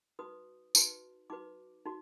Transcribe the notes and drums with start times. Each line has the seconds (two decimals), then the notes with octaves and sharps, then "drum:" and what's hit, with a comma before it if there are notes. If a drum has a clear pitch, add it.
0.19 D#4 F#4 B4 D#6
0.75 D#4 F#4 B4, drum: tambourine
1.30 D#4 F#4 B4 D6
1.85 D#4 F#4